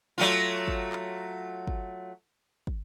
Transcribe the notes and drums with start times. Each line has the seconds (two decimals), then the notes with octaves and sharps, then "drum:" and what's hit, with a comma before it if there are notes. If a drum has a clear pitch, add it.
0.18 F#3 A3 F4
0.68 drum: kick
0.93 drum: clap
1.67 drum: kick
2.67 drum: kick